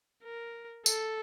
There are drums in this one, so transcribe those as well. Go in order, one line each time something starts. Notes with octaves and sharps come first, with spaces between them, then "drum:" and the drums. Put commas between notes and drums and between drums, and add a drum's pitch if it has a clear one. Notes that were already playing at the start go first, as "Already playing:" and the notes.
A#4
A4, drum: tambourine